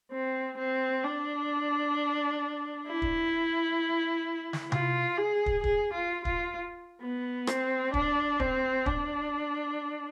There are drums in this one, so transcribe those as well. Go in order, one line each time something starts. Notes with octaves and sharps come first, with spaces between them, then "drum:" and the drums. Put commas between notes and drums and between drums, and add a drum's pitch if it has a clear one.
C4
C4
D4
E4
drum: kick
drum: snare
F4, drum: tom C3
G#4
drum: kick
G#4, drum: kick
F4
F4, drum: kick
B3
C4, drum: rim click
D4, drum: kick
C4, drum: kick
D4, drum: kick